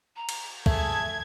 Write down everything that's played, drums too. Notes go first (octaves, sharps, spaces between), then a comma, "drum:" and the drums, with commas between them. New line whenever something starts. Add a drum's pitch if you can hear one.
A#5
drum: cymbal
A3 G#4 A4 E5 G#6, drum: kick